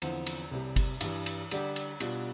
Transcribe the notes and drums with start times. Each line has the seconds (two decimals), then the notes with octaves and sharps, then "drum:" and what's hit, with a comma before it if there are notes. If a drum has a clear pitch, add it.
0.02 E2 D3 F3 C4 E4, drum: cymbal
0.26 drum: cymbal
0.51 C2 C3 G3
0.76 drum: kick G1, cymbal
1.01 G2 E3 G3, drum: cymbal
1.26 drum: cymbal
1.51 D3 G3 D4 G4, drum: cymbal
1.76 drum: cymbal
2.00 B2 G3 D4 F4, drum: cymbal